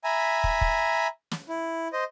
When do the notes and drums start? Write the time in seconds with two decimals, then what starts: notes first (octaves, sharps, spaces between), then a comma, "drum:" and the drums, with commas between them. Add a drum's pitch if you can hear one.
0.04 E5 G#5 A#5 B5
0.44 drum: kick
0.61 drum: kick
1.31 drum: snare
1.49 E4
1.93 C5 D#5